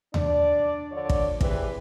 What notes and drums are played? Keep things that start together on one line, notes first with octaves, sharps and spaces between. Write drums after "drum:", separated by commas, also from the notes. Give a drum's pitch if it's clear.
D4 D5, drum: tom D#2
D3 F3 C#5 D5
drum: kick
E3 C4 D4 G4 G#4 B4, drum: kick